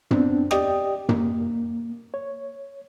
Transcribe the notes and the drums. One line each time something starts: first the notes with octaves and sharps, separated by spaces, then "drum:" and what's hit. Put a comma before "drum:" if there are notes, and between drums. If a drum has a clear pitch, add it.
B3 C4 D4, drum: tom
G4 D5 D#5 G5 D#6, drum: rim click
A#3, drum: tom
C#5